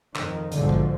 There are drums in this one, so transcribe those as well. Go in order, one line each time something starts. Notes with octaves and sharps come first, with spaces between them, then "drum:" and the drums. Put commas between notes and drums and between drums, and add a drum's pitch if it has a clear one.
F2 D#3, drum: clap
B1 G#2 D3 F3, drum: hi-hat
drum: kick